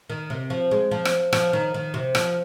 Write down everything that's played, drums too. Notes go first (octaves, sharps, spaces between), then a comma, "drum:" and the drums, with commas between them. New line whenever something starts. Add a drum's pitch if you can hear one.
D#3
C3
F3
G#3
F3
drum: rim click
F3, drum: rim click
D#3
D#3
C3
F3, drum: rim click